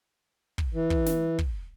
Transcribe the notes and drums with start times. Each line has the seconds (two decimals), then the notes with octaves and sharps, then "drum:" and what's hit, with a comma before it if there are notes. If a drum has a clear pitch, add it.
0.58 drum: kick
0.74 E3
0.90 drum: kick
1.06 drum: snare
1.39 drum: kick